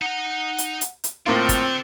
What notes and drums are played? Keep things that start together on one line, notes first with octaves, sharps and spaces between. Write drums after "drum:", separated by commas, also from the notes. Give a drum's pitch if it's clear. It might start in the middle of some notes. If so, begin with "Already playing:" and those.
D#4 F#5 A#5
drum: hi-hat
drum: hi-hat
drum: hi-hat
A2 A#3 C4 F4 A4 D5
drum: kick, hi-hat